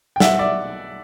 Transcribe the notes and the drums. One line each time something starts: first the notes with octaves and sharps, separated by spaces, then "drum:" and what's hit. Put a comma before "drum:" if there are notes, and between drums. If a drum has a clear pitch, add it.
G5
B1 E5 F#5, drum: snare
D5 E5